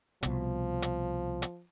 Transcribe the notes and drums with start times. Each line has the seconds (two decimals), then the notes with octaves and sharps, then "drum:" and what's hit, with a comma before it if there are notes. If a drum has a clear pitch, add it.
0.23 C2 B2 F3, drum: hi-hat
0.82 drum: hi-hat
1.42 drum: hi-hat